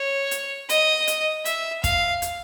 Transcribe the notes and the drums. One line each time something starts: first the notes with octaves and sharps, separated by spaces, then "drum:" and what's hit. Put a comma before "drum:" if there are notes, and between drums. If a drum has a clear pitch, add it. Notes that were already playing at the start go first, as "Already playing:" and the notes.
Already playing: C#5
drum: hi-hat
D#5, drum: hi-hat
drum: hi-hat
E5, drum: hi-hat
F5, drum: kick, hi-hat
drum: hi-hat